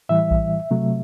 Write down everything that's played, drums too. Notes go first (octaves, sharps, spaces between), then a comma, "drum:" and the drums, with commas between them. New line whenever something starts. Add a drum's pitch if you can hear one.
A2 E3 G3 E5
drum: kick A#1
C3 F#3 A3